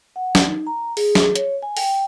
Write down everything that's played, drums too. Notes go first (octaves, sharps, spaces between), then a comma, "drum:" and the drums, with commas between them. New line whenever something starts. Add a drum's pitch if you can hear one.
F#5
drum: snare
D#4
A#5
G#4, drum: open hi-hat
drum: snare
C#5, drum: hi-hat
G#5
G5, drum: open hi-hat